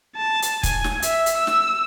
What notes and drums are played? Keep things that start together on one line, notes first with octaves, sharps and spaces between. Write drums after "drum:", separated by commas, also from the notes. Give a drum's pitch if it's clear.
A5
drum: hi-hat
G#5, drum: kick, hi-hat
drum: snare
E5, drum: hi-hat
drum: hi-hat
E6
drum: snare